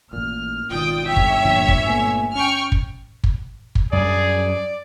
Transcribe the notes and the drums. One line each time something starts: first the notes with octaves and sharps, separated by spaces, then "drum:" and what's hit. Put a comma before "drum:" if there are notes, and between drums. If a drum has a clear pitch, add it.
A1 A#2 F6
G#1 B2 D#3 F4 D5 G5 D#6
G1 C#5 E5 G5
drum: kick
A#2 D3 F3
drum: kick
A#2 A3 B3 G#5
C#4 G5 C#6 F6
drum: kick
drum: kick
drum: kick
F#2 G3 G#4 D5